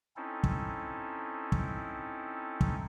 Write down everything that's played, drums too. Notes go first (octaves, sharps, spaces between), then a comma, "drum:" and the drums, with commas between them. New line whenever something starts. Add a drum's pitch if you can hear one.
C4 C#4 D#4 E4 A4
drum: kick
drum: kick
drum: kick